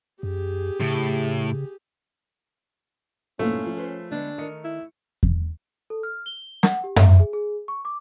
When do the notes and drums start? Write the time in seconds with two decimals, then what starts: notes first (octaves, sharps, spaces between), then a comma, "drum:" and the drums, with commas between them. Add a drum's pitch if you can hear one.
0.23 F#2 G4 G#4
0.80 A2 C#3
3.39 F2 G#2 B2 A3 A#3 C4 C#4 E4
3.63 F3 F4 C#5
3.77 G#4 B4 C5
4.11 D3 G#3 B3 D4
4.38 D#3 A#4 D#6 C#7
4.64 E4
5.23 drum: kick E2
5.90 A4
6.03 F6
6.26 G7
6.63 F#5, drum: snare
6.84 G4
6.96 E5, drum: tom F#2
7.19 G#4
7.33 G#4
7.68 C#6
7.85 D6